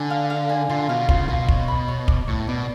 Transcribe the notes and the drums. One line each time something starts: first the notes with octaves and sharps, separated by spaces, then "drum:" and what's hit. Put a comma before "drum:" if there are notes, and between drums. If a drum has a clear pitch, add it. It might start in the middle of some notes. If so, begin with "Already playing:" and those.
Already playing: D3 G#5
F5
F5
G#5
D3 F4
B2 F5
C#3 F4, drum: kick
B2 F4
C#5, drum: kick
B5
C#5
D6, drum: kick
A2 C#6
B2 D5